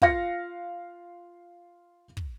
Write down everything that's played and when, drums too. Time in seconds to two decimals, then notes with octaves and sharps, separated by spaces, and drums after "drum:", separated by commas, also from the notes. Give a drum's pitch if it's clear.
0.02 F4 F5 A#6 C#7, drum: kick
2.17 drum: kick